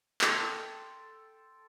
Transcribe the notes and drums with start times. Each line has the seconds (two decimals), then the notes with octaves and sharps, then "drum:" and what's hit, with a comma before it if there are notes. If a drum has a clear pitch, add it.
0.21 A4 G5 C6, drum: clap